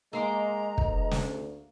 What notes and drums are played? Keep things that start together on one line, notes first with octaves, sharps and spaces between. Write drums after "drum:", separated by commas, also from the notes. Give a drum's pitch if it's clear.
G#3 A#3 D#5 A#5 C6 D6
D2, drum: kick
drum: snare